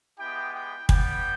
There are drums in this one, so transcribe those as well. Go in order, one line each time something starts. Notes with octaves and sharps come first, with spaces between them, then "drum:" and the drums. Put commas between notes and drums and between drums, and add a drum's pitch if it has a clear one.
G#3 B3 E4 G4 G5
G5
G3 B3 G4 G5, drum: kick